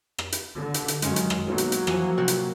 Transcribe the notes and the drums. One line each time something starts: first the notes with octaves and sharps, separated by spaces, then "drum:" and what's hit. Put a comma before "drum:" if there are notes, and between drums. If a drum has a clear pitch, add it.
drum: rim click
drum: hi-hat
D3
drum: hi-hat
drum: hi-hat
F#2 D#3 F#3 G#3 C#4, drum: hi-hat
drum: hi-hat
drum: rim click
B1 F#3 A#3
drum: hi-hat
drum: hi-hat
E3 F3 G#5, drum: rim click
C3 F#4 A#4
drum: hi-hat